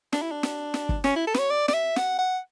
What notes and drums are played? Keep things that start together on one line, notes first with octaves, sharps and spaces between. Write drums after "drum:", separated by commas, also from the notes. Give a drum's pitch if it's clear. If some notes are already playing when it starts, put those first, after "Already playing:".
D4, drum: snare
E4
D4
drum: snare
drum: snare
drum: kick
C#4, drum: snare
E4
A4
B4, drum: snare
C#5
D5
D5, drum: snare
E5
F#5, drum: snare
F#5